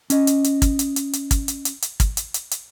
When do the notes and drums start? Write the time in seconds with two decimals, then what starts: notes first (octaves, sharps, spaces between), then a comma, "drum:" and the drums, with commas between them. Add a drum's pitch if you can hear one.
0.10 C#4 D#5, drum: hi-hat
0.27 drum: hi-hat
0.44 drum: hi-hat
0.62 drum: kick, hi-hat
0.79 drum: hi-hat
0.96 drum: hi-hat
1.13 drum: hi-hat
1.31 drum: kick, hi-hat
1.48 drum: hi-hat
1.65 drum: hi-hat
1.82 drum: hi-hat
2.00 drum: kick, hi-hat
2.17 drum: hi-hat
2.34 drum: hi-hat
2.51 drum: hi-hat